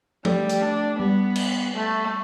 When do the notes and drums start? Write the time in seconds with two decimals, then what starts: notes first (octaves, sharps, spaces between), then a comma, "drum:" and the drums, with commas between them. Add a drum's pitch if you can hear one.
0.25 G3 A3, drum: tom F3
0.49 drum: hi-hat
0.62 D4
0.99 G3 B3
1.36 drum: cymbal
1.74 A3